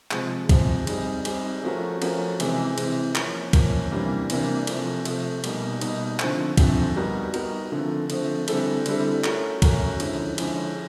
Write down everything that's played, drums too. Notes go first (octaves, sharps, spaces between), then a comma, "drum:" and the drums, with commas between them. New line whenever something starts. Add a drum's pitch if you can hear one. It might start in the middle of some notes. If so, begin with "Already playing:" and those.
C3 F3 G#3, drum: clap
C3 F3 G#3, drum: kick, cymbal
G3 C4 D#4 G#4, drum: cymbal
G3 C4 D#4 G#4, drum: cymbal
F3 A3 C#4 F#4 A#4
F3 A3 C#4 F#4 A#4, drum: cymbal
C3 E3 G#3 C4, drum: cymbal
C3 E3 G#3 C4, drum: cymbal
F3 A#3 C#4, drum: clap
F3 A#3 C#4, drum: kick, cymbal
C3 E3 G3 A#3 D4
C3 E3 G3 A#3 D4, drum: cymbal
C3 F3 A3, drum: cymbal
C3 F3 A3, drum: cymbal
B2 G3 A#3 D#4, drum: cymbal
B2 G3 A#3 D#4, drum: cymbal
D3 F3 A3 C4, drum: clap
D3 F3 A3 C4, drum: kick, cymbal
G3 B3 D#4 F#4 A#4
G3 B3 D#4 F#4 A#4, drum: cymbal
D3 F3 A3 C4
D3 F3 A3 C4, drum: cymbal
D3 G3 C4 E4 A4, drum: cymbal
D3 G3 C4 E4 A4, drum: cymbal
A3 C#4 F#4 A#4, drum: clap
A3 C#4 F#4 A#4, drum: kick, cymbal
D3 F3 G#3 C#4 E4, drum: cymbal
D3 F3 G#3 C#4 E4, drum: cymbal